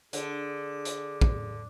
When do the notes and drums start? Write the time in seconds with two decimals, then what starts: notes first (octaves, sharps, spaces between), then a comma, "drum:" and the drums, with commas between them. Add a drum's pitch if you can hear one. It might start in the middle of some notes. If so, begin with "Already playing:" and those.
0.13 D3 G#4, drum: hi-hat
0.85 drum: hi-hat
1.21 drum: kick